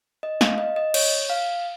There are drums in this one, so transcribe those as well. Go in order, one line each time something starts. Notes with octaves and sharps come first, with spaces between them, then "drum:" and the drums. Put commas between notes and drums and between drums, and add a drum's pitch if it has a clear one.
D#5
F5, drum: snare
D#5
D#5
C#5, drum: cymbal
F5